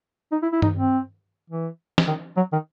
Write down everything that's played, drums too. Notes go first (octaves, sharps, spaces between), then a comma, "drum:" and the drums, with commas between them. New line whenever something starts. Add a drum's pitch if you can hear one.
D#4
E4
E4
D#4, drum: tom G2
C4
E3
drum: snare
D#3
F#3
D#3